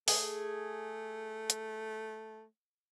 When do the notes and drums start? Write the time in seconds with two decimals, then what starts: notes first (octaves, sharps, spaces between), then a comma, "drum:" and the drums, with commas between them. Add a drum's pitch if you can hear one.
0.08 A3 G#4, drum: open hi-hat
1.50 drum: hi-hat